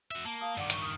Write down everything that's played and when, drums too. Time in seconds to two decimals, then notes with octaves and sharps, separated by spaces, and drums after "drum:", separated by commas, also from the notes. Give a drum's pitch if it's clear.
0.11 F#4 E5
0.25 A#3 A5
0.41 F5 A5 D#6
0.57 G2 D#3 D5 F#5 D6
0.70 C#6 G7, drum: hi-hat
0.82 D#6 F6